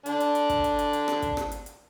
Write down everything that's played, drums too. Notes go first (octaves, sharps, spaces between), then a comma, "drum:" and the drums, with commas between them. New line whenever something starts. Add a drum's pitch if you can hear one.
D3 D4, drum: hi-hat
drum: hi-hat
drum: hi-hat
drum: kick, hi-hat
drum: hi-hat
drum: hi-hat
drum: hi-hat
drum: rim click
drum: kick, hi-hat
drum: rim click
drum: hi-hat
drum: hi-hat